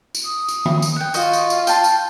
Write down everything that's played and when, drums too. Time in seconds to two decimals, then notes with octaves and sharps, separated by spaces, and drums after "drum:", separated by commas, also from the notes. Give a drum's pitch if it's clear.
0.15 drum: tambourine
0.25 D#6
0.48 drum: tambourine
0.65 drum: tom D#3
0.82 drum: tambourine
0.96 F#5 G5
1.14 F4 F#4 D#5 C#6, drum: tambourine
1.33 drum: tambourine
1.50 drum: tambourine
1.67 G5 A5 C6, drum: tambourine
1.84 drum: tambourine